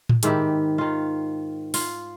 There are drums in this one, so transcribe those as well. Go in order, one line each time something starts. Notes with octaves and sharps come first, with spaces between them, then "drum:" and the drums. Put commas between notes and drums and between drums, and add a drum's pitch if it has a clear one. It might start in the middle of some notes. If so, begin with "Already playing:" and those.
drum: tom A2
G#2 D#3 E4 G4, drum: hi-hat
D#3 F4
F4, drum: open hi-hat